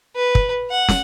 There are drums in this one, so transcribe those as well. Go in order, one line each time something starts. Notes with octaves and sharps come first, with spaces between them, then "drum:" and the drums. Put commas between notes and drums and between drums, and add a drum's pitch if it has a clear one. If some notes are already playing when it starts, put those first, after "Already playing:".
B4
drum: kick
F#5
drum: snare